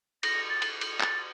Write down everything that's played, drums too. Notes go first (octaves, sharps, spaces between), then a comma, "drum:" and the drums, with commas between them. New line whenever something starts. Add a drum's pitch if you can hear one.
A#6, drum: cymbal
A6
drum: cymbal
drum: cymbal
A6, drum: clap